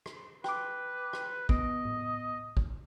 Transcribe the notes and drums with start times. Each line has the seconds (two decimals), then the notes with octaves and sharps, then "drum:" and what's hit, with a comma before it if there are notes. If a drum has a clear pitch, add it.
0.06 drum: rim click
0.44 B4 G5 D6, drum: rim click
1.13 drum: rim click
1.49 B3 D#5, drum: kick
1.85 drum: tom A2
2.57 drum: kick